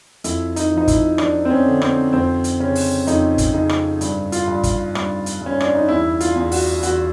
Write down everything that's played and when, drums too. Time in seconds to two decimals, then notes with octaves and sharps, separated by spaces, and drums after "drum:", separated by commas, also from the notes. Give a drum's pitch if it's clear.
0.24 F2 E4, drum: hi-hat
0.56 D#4, drum: hi-hat
0.72 F3
0.78 D#4
0.88 E4, drum: kick, hi-hat
1.18 F3 D4, drum: rim click
1.45 C4
1.50 C#4
1.66 D3
1.82 C4, drum: rim click
2.13 F2 C4
2.44 drum: hi-hat
2.60 C#3 C#4
2.75 drum: open hi-hat
3.07 F2 D#4, drum: hi-hat
3.38 drum: kick, hi-hat
3.53 C#3 D#4
3.69 drum: rim click
4.01 G2, drum: hi-hat
4.32 F4, drum: hi-hat
4.48 G2
4.63 drum: kick, hi-hat
4.95 G2, drum: rim click
5.26 drum: hi-hat
5.42 G2 C#4
5.60 D4, drum: rim click
5.75 D#4
5.89 E2 E4
6.20 F4, drum: hi-hat
6.36 E2
6.52 F#4, drum: open hi-hat
6.83 E2 F#4, drum: hi-hat